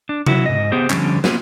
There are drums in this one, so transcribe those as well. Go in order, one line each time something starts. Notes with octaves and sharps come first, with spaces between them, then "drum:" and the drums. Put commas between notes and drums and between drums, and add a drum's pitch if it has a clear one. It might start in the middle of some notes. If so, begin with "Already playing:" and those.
D4
F#3 E4 F#4, drum: tom C3
G#2 D#5
B3 G4 G#4 C5
D3 F3 G3 C#4, drum: clap
A#3 B3 C#4 F4, drum: snare